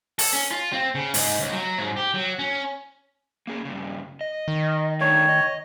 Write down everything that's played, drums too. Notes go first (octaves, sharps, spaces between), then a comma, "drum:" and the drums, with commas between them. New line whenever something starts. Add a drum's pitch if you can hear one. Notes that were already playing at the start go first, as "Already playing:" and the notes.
A4, drum: open hi-hat
C#4
F4
C4
C#3
G#2, drum: open hi-hat
C#2
F#3
G#2
G4
F#3
C#4
A#3 C#4 G#4
G2 C#3
D#5
D#3
A3 D4 D#4 C#5
D#5